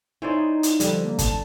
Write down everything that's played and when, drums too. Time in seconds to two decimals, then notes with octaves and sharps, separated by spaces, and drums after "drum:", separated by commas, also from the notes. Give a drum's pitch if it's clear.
0.22 C#4 D#4 E4 C5 D5
0.63 drum: hi-hat
0.80 D3 F3 G3, drum: hi-hat
1.05 A#3
1.19 A5, drum: kick, hi-hat